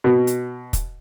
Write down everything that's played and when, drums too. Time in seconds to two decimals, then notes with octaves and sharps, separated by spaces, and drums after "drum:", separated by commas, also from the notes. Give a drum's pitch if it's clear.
0.04 B2
0.27 drum: hi-hat
0.73 drum: kick, hi-hat